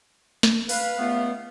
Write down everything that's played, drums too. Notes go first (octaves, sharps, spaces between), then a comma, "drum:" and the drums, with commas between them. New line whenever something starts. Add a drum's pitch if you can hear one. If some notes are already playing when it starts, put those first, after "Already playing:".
drum: snare
B4 F5, drum: open hi-hat
C#2 A3 B3